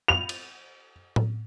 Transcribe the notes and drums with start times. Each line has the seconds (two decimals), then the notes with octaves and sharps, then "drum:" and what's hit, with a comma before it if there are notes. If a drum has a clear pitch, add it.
0.08 F7
0.29 drum: cymbal
1.16 drum: tom A2